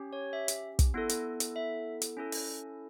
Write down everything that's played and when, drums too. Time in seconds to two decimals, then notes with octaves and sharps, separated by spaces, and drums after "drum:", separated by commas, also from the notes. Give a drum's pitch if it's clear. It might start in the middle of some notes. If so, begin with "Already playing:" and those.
Already playing: C#4 G4
0.13 C#5
0.33 E5
0.48 drum: hi-hat
0.79 drum: kick, hi-hat
0.94 B3 E4 A4
1.09 drum: hi-hat
1.40 drum: hi-hat
1.56 E5
2.02 drum: hi-hat
2.17 C#4 E4 A4
2.32 drum: open hi-hat